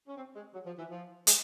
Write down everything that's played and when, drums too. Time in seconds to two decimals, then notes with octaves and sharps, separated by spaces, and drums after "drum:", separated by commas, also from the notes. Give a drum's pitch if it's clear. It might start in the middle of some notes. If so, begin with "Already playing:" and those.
0.07 C#4
0.17 C4
0.36 G#3
0.54 F#3
0.66 F3
0.78 E3
0.90 F3
1.27 G#3, drum: hi-hat